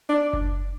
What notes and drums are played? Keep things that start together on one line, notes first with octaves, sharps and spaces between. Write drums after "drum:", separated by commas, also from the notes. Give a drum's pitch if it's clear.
D4
drum: kick F#1